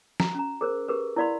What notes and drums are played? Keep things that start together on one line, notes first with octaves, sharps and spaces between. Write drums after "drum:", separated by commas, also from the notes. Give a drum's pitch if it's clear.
F#4 A#5, drum: snare F3
C#4 A#5
G#4 A#4 C5
G4 G#4 A#4 B4
E4 A#4 D5 F5 B5 C6